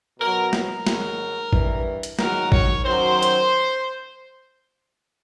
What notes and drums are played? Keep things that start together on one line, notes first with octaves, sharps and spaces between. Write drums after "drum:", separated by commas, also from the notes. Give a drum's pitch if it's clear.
B2 F#3 A#4
A#4, drum: snare
G#2 D#3 F#3, drum: snare
G2 E3, drum: kick A1
drum: hi-hat
G#2 D#3 F#3 A#4, drum: snare
C#5, drum: kick A1
F#2 D#3 F#3 C5
drum: hi-hat